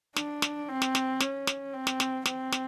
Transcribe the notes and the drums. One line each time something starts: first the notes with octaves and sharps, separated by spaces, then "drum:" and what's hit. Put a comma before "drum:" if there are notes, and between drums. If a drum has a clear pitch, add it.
D4, drum: snare
drum: snare
C4
drum: snare
drum: snare
C#4, drum: snare
drum: snare
C4
drum: snare
drum: snare
C4, drum: snare
drum: snare